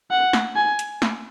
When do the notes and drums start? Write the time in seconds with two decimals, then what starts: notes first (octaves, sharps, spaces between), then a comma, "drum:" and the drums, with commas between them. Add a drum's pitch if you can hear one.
0.11 F#5
0.33 drum: snare
0.56 G#5
0.79 drum: hi-hat
1.02 drum: snare